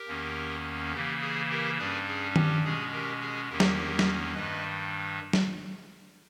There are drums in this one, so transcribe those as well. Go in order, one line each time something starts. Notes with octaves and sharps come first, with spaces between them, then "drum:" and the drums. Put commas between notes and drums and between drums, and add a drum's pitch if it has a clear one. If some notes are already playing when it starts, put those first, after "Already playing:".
Already playing: G4 A#4
E2 D#3 A#3 C#4
C#3 E3 A#3 G4
G#4
G4 A#4
G2 G3 C#4 G#4 B4
G#4
G4, drum: tom D#3
B2 G#3 C#4 G#4
G4 A#4
G#4
E2 D#3 A#3 C#4 G4 A#4
drum: snare
drum: snare
G2 D#3 G3 B4 D#5
drum: snare